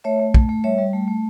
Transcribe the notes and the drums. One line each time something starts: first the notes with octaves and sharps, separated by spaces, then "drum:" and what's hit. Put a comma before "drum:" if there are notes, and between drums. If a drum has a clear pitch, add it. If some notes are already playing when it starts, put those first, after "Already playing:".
A3 C#5 E5
A3
A3, drum: kick
A3
G3 C#5 E5
G3
A3
A3